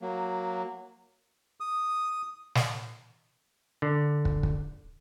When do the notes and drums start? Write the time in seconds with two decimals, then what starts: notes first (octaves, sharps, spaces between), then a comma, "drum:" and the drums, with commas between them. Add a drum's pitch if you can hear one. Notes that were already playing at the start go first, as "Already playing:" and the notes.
0.01 F#3 A#3
1.60 D#6
2.55 drum: snare
3.82 D3
4.25 drum: kick
4.43 drum: kick